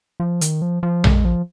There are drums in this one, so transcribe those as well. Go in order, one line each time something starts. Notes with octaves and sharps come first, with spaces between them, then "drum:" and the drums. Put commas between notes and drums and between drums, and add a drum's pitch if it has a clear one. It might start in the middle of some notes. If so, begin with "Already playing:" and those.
F3
D#3, drum: hi-hat
F3
F3
G#3, drum: tom A#1
F3